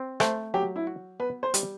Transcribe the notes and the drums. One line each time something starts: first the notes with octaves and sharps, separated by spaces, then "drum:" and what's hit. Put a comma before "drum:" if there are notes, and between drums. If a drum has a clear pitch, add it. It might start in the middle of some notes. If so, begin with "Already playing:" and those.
Already playing: C4
A3 C5, drum: rim click
F#3 G4
E4
F#4
B3 B4
C5
G3, drum: hi-hat